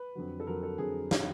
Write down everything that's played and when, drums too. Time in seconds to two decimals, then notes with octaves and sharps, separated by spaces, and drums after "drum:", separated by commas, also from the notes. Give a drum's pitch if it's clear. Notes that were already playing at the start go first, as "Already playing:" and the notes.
Already playing: B4
0.15 F2 D3 F#3
0.40 A4
0.47 F2 D3 F#3 A#4
0.63 A4
0.78 F2 D3 F#3 G#4
1.11 D3 F#3, drum: snare